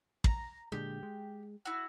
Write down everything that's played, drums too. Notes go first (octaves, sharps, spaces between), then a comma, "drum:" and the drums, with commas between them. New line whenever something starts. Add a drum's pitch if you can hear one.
A#5, drum: kick
A#2 D3 G#3 G4
G#3
E4 F#4